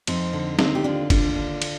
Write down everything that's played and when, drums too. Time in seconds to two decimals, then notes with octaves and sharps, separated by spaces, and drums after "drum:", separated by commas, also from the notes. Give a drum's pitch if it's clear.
0.07 F2 C4 D#4, drum: cymbal
0.33 D3
0.59 D#2 C4 D#4, drum: snare
0.75 G4
0.84 D3 D4 F4
1.10 D#2 D4 F4, drum: kick G1, cymbal
1.36 D3
1.62 drum: cymbal